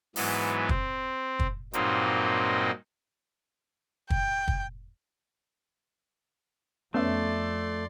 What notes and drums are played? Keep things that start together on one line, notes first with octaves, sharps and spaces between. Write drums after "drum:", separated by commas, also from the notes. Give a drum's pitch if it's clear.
G#2 E3 F#3 B3, drum: open hi-hat
C4, drum: kick
drum: kick
G2 A#2 F#3 A#3 C4 D#4, drum: hi-hat
G5, drum: kick
drum: kick
F2 A3 B3 C#4 D5 E5 C6